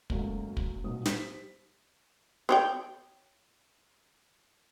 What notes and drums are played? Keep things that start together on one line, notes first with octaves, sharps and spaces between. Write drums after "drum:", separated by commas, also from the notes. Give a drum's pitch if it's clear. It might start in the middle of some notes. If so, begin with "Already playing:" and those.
C#2 F#2 F#3 A3 A#3, drum: kick
drum: kick
D#1 B1 A#2 F#3 D#6
G3 C5 B6, drum: snare
C4 C#5 G5